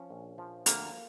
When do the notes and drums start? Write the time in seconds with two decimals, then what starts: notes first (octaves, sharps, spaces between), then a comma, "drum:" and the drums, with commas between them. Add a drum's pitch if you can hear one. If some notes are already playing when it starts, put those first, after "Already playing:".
Already playing: F3 C#4
0.10 A#1
0.38 F3
0.66 D2 A#3, drum: hi-hat